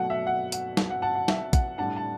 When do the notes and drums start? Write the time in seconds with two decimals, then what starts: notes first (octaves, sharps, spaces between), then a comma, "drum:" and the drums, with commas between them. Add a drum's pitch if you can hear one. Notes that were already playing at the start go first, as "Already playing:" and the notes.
Already playing: B2 F#3 A3 F#5
0.10 E5
0.27 F#5
0.52 F#5, drum: hi-hat
0.77 drum: snare
0.90 F#5
1.02 F#5 A5
1.15 F#5
1.28 E5, drum: snare
1.53 F#5, drum: kick, hi-hat
1.78 A2 G3 D4 F#5 A5
1.96 A5